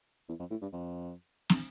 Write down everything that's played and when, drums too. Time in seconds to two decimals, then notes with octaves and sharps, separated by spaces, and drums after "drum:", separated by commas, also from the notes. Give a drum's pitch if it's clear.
0.29 E2
0.40 F2
0.51 A2
0.62 G2
0.73 F2
1.49 drum: snare